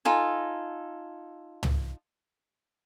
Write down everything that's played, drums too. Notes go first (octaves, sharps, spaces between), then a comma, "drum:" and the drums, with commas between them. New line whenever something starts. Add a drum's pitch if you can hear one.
D#4 F4 A4 G#5
drum: tom